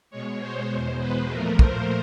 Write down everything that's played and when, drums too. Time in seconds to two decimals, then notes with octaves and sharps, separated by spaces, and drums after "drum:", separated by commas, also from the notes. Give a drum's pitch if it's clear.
0.10 B2 G#3 C#5
0.39 C5
0.70 E2 B2 G#3 C5
0.99 B4
1.29 A#2 F3 A3 A#4
1.59 C5, drum: kick